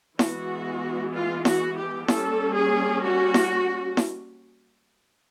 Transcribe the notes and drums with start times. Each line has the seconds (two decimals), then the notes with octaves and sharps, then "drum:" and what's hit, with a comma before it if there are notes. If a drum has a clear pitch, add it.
0.19 E3 G#3 B3 F#4, drum: snare E4
1.14 F4
1.45 F#4, drum: snare E4
1.77 G4
2.08 G3 A#3 C#4 A4, drum: snare E4
2.55 G#4
3.03 F#4
3.34 drum: snare E4
3.97 drum: snare E4